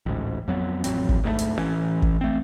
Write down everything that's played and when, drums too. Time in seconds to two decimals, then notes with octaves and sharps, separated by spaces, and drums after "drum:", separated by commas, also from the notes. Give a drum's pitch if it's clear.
0.06 A1 D2 G#2
0.48 F2 F#3 B3
0.84 A1 F2 F#3 C4, drum: hi-hat
1.09 drum: kick
1.24 D2 G#2 F#3 A3
1.39 drum: hi-hat
1.59 A1 E3 C#4
2.02 drum: kick
2.21 A3 C4